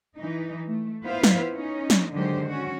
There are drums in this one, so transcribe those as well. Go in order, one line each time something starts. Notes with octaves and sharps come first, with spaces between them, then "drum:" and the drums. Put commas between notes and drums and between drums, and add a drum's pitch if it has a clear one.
E3 D#4
A3
B3 E4 F4 B4 C5 F5
drum: snare
C#4 D#4
drum: snare
D3 D#3 F#3 G#3 G4 C5
C#4 F#4